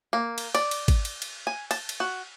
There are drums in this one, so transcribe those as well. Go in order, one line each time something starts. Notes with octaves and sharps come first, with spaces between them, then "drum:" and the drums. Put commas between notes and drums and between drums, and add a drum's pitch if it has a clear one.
A#3
drum: cymbal
D5, drum: cymbal
drum: cymbal
drum: kick G#1, cymbal
drum: cymbal
drum: cymbal
G#5
A5, drum: cymbal
drum: cymbal
F#4